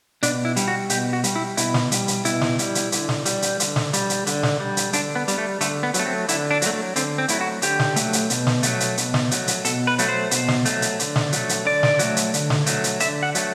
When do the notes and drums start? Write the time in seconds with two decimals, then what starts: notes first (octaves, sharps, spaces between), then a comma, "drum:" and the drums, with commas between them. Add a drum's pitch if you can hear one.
0.23 B2 D4, drum: hi-hat
0.45 E4
0.56 G3, drum: hi-hat
0.68 F#4
0.90 B2 G4, drum: hi-hat
1.13 F#4
1.24 G3, drum: hi-hat
1.36 E4
1.57 B2 E4, drum: hi-hat
1.74 drum: snare
1.92 G3, drum: hi-hat
2.08 drum: hi-hat
2.25 B2 E4, drum: hi-hat
2.41 drum: snare
2.59 G3, drum: hi-hat
2.75 drum: hi-hat
2.92 D3, drum: hi-hat
3.09 drum: snare
3.25 G3, drum: hi-hat
3.42 drum: hi-hat
3.60 D3, drum: hi-hat
3.76 drum: snare
3.93 G3, drum: hi-hat
4.10 drum: hi-hat
4.27 D3, drum: hi-hat
4.43 drum: snare
4.60 G3
4.77 drum: hi-hat
4.93 D3 D4, drum: hi-hat
5.15 B3
5.28 G3, drum: hi-hat
5.38 A3
5.61 D3 A3, drum: hi-hat
5.83 B3
5.94 F#3, drum: hi-hat
5.99 A3
6.06 C4
6.28 D3 E4, drum: hi-hat
6.51 D4
6.62 F#3 A3, drum: hi-hat
6.73 A3
6.96 D3 C4, drum: hi-hat
7.18 C4
7.28 F#3 A3 E4, drum: hi-hat
7.41 F#4
7.62 D3 G4, drum: hi-hat
7.79 drum: snare
7.96 F#3 A3, drum: hi-hat
8.13 drum: hi-hat
8.30 B2, drum: hi-hat
8.47 drum: snare
8.63 F#3 A3, drum: hi-hat
8.80 drum: hi-hat
8.97 B2, drum: hi-hat
9.14 drum: snare
9.31 F#3 A3, drum: hi-hat
9.48 drum: hi-hat
9.65 B2 A4, drum: hi-hat
9.87 B4
9.99 F#3 A3, drum: hi-hat
10.09 C5
10.31 B2, drum: hi-hat
10.48 drum: snare
10.65 F#3 A3, drum: hi-hat
10.82 drum: hi-hat
10.99 D3, drum: hi-hat
11.16 drum: snare
11.32 F#3 A3, drum: hi-hat
11.49 drum: hi-hat
11.65 D3 D5
11.83 drum: snare
11.99 F#3 A3, drum: hi-hat
12.17 drum: hi-hat
12.34 D3, drum: hi-hat
12.50 drum: snare
12.66 F#3 A3, drum: hi-hat
12.84 drum: hi-hat
13.00 D3 E5, drum: hi-hat
13.23 F#5
13.35 F#3 A3, drum: hi-hat